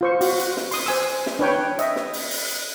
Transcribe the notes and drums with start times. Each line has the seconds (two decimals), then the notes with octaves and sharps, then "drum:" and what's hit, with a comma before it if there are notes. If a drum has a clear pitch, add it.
0.01 F4 C5 C#6
0.21 F#4, drum: open hi-hat
0.39 drum: hi-hat
0.57 drum: snare
0.71 C6 D#6, drum: open hi-hat
0.86 C5 G#5 E6
1.26 drum: snare
1.39 D4 B4 C#5 G5
1.79 D#5 E5, drum: hi-hat
1.96 drum: snare
2.13 drum: open hi-hat
2.31 drum: open hi-hat
2.48 drum: hi-hat